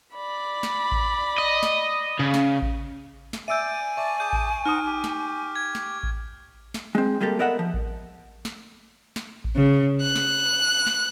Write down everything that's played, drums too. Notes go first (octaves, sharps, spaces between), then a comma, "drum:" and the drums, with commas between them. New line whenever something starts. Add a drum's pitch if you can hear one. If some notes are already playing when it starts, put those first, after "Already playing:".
D5 B5
drum: snare
drum: kick A1
D#5
drum: snare
C#3
drum: snare
drum: kick A1
drum: snare
D5 E5 G#5 E6 G6 D7 D#7
D5 E5 A5 C#6
G#4 A5 D6 G6
drum: kick A1
D#4 C5 F#5 A#5 D#6 F6
G4
drum: snare
G#6
drum: snare
drum: kick A1
drum: snare
G#3 C4
G3 G#3 A#3 G4 A4
B3 A#4 D#5 E5 F#5
F3
drum: kick A1
drum: snare
drum: snare
drum: kick A1
C#3
F#6
drum: snare
drum: snare